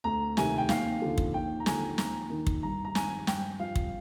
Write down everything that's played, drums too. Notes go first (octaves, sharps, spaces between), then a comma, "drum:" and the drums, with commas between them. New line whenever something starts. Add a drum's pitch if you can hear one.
D2 A#5
C3 D#3 G#5, drum: snare
G5
D#2 F5, drum: snare
D3 F3
drum: kick
D#2 G5
A#5
D3 F3 G#5, drum: snare
D#2 A#5, drum: snare
D#3
drum: kick
G2 A#5
A#5
D#3 G#5, drum: snare
G2 G5, drum: snare
F3 F5
drum: kick